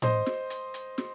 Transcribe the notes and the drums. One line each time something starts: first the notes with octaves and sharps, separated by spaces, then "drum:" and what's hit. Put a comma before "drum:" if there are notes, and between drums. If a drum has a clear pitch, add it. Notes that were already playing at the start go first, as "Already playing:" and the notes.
C5 D#5, drum: tom A2
drum: snare
drum: hi-hat
drum: hi-hat
drum: snare